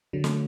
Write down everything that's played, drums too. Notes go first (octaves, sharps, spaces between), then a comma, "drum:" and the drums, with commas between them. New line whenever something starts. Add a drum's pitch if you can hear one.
D3 F#3
F#3 A3, drum: snare